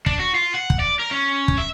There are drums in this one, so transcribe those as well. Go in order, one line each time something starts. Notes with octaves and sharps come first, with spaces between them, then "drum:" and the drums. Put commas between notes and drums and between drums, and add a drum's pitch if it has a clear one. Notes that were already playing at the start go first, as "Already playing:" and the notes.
D4, drum: kick
F#4
F4
F#5
drum: kick
D5
A#4
C#4
drum: kick
E5